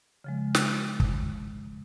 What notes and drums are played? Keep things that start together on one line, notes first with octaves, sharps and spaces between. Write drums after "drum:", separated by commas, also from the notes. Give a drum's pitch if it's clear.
C#3 F3 G#3
drum: snare
drum: kick